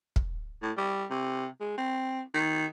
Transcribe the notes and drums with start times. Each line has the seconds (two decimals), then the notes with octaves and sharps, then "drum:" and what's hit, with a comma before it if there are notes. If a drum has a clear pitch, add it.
0.16 drum: kick
0.62 A2
0.77 G3
1.10 C3
1.60 G#3
1.78 C4
2.34 D#3